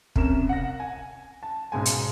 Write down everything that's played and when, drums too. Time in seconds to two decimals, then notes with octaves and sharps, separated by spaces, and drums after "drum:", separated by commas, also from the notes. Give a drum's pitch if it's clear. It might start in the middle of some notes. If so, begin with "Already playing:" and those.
0.16 C2 F2 C#4 A#4 E7, drum: kick
0.49 F#5 A#6
0.80 G#5
1.43 A5
1.72 B1 G#2 G#3 G#5
1.85 drum: hi-hat